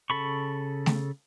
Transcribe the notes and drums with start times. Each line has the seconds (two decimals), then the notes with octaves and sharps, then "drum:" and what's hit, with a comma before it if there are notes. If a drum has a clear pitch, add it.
0.10 C#3 A4 B5 C#6
0.86 drum: snare A3